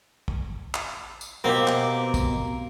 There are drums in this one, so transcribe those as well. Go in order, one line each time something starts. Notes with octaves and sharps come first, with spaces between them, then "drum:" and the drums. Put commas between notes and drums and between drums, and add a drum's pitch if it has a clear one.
drum: kick
drum: clap
drum: tambourine
B2 A#3 C4 G4
drum: clap
drum: kick, tambourine